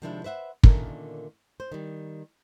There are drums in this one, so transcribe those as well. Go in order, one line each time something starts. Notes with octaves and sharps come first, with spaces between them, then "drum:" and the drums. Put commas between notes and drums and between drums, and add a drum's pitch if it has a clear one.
C3 D#3 F3 G#3 D4 E4
B4 C5 E5 F#5
A#2 D3 D#3 A3 C#4 A#4, drum: kick
C5
D#3 G3